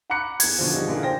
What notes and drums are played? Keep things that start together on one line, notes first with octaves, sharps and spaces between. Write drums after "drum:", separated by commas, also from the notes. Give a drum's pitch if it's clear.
F#5 A#5 B5 D6 F#6 C#7
E2 G#6, drum: open hi-hat
B2 D3 F3
D3 F3 G3 D#4 G#4
A#2 D3 E3 A#3 D#4 G#4
C5 G5 A#6